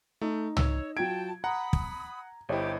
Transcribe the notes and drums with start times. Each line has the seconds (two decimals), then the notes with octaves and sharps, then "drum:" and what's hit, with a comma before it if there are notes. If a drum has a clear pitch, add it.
0.21 A3 D#4 D#5
0.57 C#5 E6, drum: tom
0.97 F#3 F4 G5 A5 G#6 D7
1.44 F#5 A#5 B5 D#6
1.73 drum: kick
2.49 G1 E4 G4 C5 C#5 D#5